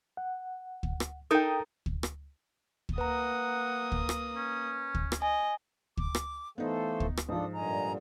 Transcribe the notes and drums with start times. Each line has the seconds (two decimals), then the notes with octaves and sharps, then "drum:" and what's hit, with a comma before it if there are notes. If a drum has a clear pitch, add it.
0.17 F#5
0.83 drum: kick
1.00 drum: rim click
1.31 D#4 A4 A#4 G5 D#6
1.86 drum: kick
2.03 drum: rim click
2.89 drum: kick
2.98 A#3 B4 F#5 A#5 D#6
3.92 drum: kick
4.09 drum: rim click
4.37 C#4
4.95 drum: kick
5.12 drum: rim click
5.22 D#5 G#5
5.97 D6, drum: kick
6.15 drum: rim click
6.58 E3 A3 B3 D#4 A4 C5 F5
7.00 drum: kick
7.17 drum: rim click
7.29 G#2 F3 D4 F4 A4 D#6
7.53 G2 A#2 D3 D#5 G#5 A#5